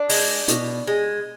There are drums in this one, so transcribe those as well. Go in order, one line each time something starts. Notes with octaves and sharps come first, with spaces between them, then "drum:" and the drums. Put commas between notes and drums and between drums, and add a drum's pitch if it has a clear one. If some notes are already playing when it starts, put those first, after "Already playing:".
Already playing: D4
G#3, drum: open hi-hat
B2, drum: hi-hat
G#3